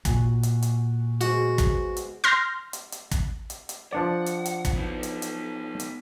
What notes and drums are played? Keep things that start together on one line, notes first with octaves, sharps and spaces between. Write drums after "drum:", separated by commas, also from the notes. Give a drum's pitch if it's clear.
A#2 F#4 G#5, drum: kick, hi-hat
drum: hi-hat
drum: hi-hat
G#3 B3 F#4 C5, drum: hi-hat
drum: kick, hi-hat
drum: hi-hat
C6 F6 G6 A#6
drum: hi-hat
drum: hi-hat
drum: kick, hi-hat
drum: hi-hat
drum: hi-hat
F3 D4 D5 F#5
drum: hi-hat
drum: hi-hat
drum: kick, hi-hat
B3 D#4
drum: hi-hat
drum: hi-hat
drum: hi-hat